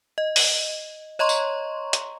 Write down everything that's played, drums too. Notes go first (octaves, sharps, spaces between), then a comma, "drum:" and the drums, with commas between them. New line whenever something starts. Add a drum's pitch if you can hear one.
D#5
drum: open hi-hat
C#5 D#5 A#5 C6 C#6
drum: tambourine
drum: hi-hat